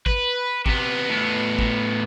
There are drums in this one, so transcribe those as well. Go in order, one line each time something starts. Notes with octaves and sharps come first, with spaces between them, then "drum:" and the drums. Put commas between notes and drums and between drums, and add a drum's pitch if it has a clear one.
B4, drum: kick
C3 B3, drum: kick
A2 B3
drum: kick